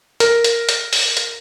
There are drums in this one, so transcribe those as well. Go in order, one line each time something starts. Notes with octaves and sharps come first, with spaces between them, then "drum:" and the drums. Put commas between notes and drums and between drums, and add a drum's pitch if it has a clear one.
A#4, drum: hi-hat
drum: hi-hat
drum: hi-hat
drum: open hi-hat
drum: hi-hat